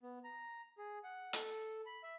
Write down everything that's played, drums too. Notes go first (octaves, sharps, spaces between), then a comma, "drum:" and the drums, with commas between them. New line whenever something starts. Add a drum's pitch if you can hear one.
B3
A#5
G#4
F#5
A4, drum: hi-hat
B5
E5